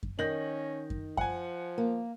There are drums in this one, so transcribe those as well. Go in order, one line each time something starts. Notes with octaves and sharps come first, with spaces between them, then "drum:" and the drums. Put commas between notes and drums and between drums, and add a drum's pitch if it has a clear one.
drum: kick F#2
D#3 C#4 G6 A#6 F#7
drum: kick F#2
F3 F#5 G#5, drum: kick F#2
A#3